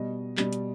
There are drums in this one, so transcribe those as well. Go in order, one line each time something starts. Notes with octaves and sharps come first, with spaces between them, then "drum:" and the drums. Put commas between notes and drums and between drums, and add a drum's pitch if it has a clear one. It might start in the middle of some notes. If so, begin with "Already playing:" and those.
Already playing: B2 G3 D#5
B2 G3, drum: clap
drum: hi-hat